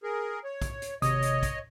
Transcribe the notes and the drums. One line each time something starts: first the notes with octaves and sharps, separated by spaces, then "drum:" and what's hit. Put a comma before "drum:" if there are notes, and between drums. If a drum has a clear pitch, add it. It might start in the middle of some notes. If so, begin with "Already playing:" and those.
G#4 A#4
C#5
drum: kick, hi-hat
drum: hi-hat
G#1 C3 C#5 D#5 D#6, drum: hi-hat
drum: hi-hat
drum: kick, hi-hat